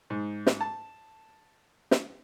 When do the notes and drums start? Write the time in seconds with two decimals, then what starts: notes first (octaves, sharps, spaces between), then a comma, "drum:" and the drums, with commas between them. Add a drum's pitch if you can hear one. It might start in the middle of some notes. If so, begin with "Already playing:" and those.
0.10 G#2
0.47 drum: snare
0.60 A5
1.91 drum: snare